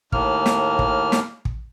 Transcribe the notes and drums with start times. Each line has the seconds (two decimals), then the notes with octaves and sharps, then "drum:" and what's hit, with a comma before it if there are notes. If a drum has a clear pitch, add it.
0.12 D#2 A2 A#3 F6, drum: kick
0.46 drum: snare
0.79 drum: kick
1.12 drum: snare
1.45 drum: kick